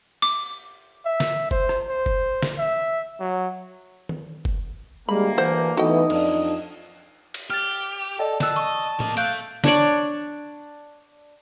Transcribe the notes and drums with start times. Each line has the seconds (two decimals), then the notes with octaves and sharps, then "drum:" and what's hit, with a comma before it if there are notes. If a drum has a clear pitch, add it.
0.22 D6, drum: cymbal
1.05 E5
1.20 drum: snare
1.51 C5, drum: kick F#1
1.69 drum: rim click
1.90 C5
2.06 drum: kick F#1
2.43 drum: snare
2.58 E5
3.20 F#3
4.09 drum: tom D#3
4.45 drum: kick F#1
5.09 D2 G3 G#3 A#3 B5
5.38 E3 C5 F#5
5.77 E3 A3 B3 D#4 F#4 D#5 G5
6.10 F2 D4, drum: cymbal
7.34 drum: cymbal
7.50 G4 F6 A6
8.19 A4 D5 D#5 G5
8.40 A5 E6 F#6 E7, drum: snare
8.56 D#5 C#6
9.00 A#3 D#5, drum: tom A2
9.17 A3 F5 F#6 G6 D7, drum: hi-hat
9.64 D4 C#5 D5, drum: snare